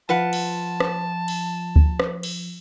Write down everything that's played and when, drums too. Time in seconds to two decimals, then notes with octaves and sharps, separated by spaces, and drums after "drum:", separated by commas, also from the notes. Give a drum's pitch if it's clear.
0.09 F3 F4 B4 F#5 A5
0.33 drum: cymbal
0.80 drum: rim click
1.28 drum: cymbal
1.76 drum: kick D2
2.00 drum: rim click
2.23 drum: cymbal